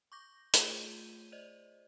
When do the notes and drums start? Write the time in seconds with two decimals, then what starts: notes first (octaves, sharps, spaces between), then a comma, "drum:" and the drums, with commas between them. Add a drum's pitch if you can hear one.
0.12 C#6 D6 G6 A#6
0.54 A3 F4 G#4 C#5 G6 D#7, drum: hi-hat
1.32 C5 D5 D#5